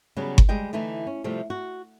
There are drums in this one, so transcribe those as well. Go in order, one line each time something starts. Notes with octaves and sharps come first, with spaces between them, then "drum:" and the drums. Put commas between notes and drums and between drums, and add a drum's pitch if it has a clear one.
C#3 F#3 G3 B3
drum: kick G1
D2 G3 G#3 G#4 D#5 G5
D3 E3 A3 D#4
C#4
C3 F3 G3 A3 C4
F#4